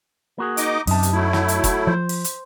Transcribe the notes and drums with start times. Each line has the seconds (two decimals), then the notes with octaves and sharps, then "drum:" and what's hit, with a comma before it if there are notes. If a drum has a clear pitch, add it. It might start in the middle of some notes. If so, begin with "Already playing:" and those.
0.38 A#3 F#4 G#4
0.57 D#4 D#5 D6, drum: hi-hat
0.87 F#2 C3 D#4 A5, drum: open hi-hat
1.03 drum: hi-hat
1.13 F#3 A3 E4
1.33 drum: snare
1.48 drum: hi-hat
1.64 drum: kick, hi-hat
1.87 F3 C5
2.09 drum: open hi-hat
2.24 drum: hi-hat